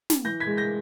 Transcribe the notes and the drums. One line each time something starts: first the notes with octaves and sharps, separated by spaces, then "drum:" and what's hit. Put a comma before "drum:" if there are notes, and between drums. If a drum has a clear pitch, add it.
drum: snare
E3 G6 A#6
G#6 B6
G#3
G6 A#6